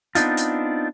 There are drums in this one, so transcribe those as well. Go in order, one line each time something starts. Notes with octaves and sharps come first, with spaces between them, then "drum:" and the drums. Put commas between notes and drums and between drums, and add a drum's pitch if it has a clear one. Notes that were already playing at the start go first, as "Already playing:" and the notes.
B3 C4 D4 D#4 F4, drum: hi-hat
drum: hi-hat